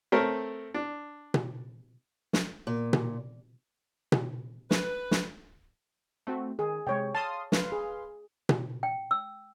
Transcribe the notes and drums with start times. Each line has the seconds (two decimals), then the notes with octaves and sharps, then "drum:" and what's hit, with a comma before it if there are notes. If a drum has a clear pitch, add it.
0.12 A3 C4 A4 A#4 C#5
0.74 D4
1.34 drum: tom B2
2.33 drum: snare
2.67 A#2
2.93 drum: tom B2
4.12 drum: tom B2
4.71 B4, drum: snare
5.11 drum: snare
6.27 A3 C4 F#4
6.59 D#3 G#4
6.87 C3 G#3 C#5 G5
7.15 F5 A5 C6 D#6
7.52 B4 F5 C6, drum: snare
7.72 G#4
8.49 drum: tom B2
8.83 G5
9.11 E6